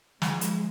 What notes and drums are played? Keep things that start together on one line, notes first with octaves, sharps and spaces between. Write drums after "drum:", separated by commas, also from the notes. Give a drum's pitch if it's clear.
F3 G#3, drum: snare
drum: hi-hat